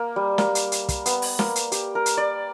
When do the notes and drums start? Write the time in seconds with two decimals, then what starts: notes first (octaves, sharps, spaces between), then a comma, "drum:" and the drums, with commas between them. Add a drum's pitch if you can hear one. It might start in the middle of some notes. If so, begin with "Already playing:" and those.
Already playing: A#3
0.16 G3
0.38 A#3, drum: snare
0.55 drum: hi-hat
0.72 drum: hi-hat
0.88 drum: kick, hi-hat
1.06 B3, drum: hi-hat
1.22 drum: open hi-hat
1.39 A#3, drum: snare
1.55 drum: hi-hat
1.72 G4, drum: hi-hat
1.95 A#4
2.06 drum: hi-hat
2.17 D5